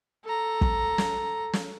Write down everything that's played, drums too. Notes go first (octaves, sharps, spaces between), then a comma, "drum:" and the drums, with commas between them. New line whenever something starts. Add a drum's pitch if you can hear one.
A4 A#5
drum: kick
drum: snare
drum: snare